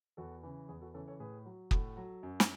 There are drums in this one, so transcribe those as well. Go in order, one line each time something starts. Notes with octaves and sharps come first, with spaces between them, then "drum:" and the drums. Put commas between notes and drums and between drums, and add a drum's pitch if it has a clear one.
E2 F#4 A4
C#3 E3
E2 G#4
F#4 A4
C#3 E3 A4 C#5
A4 C#5
A2 G#4 B4
F#3
A2 F#4 A4, drum: kick
F#3
F#2
drum: snare